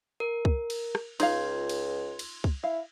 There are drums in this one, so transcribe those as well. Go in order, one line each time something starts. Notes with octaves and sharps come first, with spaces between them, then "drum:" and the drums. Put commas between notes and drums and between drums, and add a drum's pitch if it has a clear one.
A#4
drum: kick
drum: cymbal
drum: rim click
C#2 D#4 F4 F5 C6 G#6, drum: cymbal
drum: cymbal
drum: cymbal
drum: kick
E4 F5